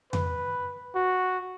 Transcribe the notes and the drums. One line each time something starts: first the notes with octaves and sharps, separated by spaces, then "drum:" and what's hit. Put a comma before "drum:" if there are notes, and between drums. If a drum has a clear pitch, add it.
B4, drum: tom F2
F#4